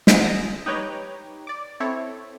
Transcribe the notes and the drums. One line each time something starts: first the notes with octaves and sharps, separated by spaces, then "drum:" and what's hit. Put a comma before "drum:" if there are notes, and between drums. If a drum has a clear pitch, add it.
B3 D#4 E4 G#4 C5, drum: snare
D3 D#6 A#6 E7
D#4 G4 B4 C#5 G5 A#5
D5 D6
C4 E4 A4 C#5